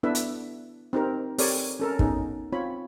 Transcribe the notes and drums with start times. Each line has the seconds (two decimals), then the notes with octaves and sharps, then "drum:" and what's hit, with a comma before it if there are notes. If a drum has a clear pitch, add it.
0.03 B3 D4 E4 A4 B4 E5
0.15 drum: hi-hat
0.93 C4 D#4 G4 A#4
1.38 C4 G4 A4 A#4 C#5 D5, drum: open hi-hat
1.80 C#4 A4 A#4
1.99 B3 C#4 D#4 G#4, drum: kick
2.52 C4 F4 C#5 B5